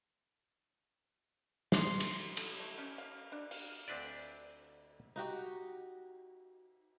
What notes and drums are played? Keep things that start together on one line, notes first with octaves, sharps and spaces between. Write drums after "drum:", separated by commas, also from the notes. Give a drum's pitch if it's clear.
C6, drum: snare
drum: cymbal
A4, drum: cymbal
A3
C#4
F5
D4
F5, drum: open hi-hat
D2 C4 D4 B4 D5
D#4 F#4 G4